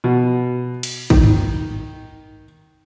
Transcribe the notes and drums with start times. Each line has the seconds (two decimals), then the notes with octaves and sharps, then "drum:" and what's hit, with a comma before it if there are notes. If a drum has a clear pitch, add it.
0.04 B2
0.83 drum: cymbal
1.10 D#3, drum: kick
1.24 drum: tom G2